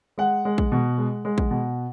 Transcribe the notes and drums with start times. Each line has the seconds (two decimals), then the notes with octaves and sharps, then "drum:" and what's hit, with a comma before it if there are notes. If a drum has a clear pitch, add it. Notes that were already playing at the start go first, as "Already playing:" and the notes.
0.18 G#3 F#5
0.45 G#3
0.58 drum: kick
0.72 B2
0.98 G#3
1.25 G#3
1.38 drum: kick
1.51 B2